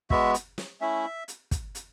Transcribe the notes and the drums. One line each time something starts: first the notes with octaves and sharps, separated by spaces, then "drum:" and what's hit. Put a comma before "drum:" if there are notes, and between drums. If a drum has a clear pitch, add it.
G#3 B3 F#4 E5, drum: kick
drum: hi-hat
drum: snare
A3 C#4 E4 E5
drum: hi-hat
drum: kick, hi-hat
drum: hi-hat